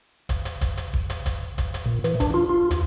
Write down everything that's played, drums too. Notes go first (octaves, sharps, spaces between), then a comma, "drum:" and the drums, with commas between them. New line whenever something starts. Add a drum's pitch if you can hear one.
drum: kick D#1, hi-hat
drum: hi-hat
drum: kick D#1, hi-hat
drum: hi-hat
drum: kick D#1
drum: hi-hat
drum: kick D#1, hi-hat
drum: kick D#1, hi-hat
drum: hi-hat
A#2
E3, drum: hi-hat
D4, drum: kick D#1, hi-hat
F4
F4
D#2, drum: hi-hat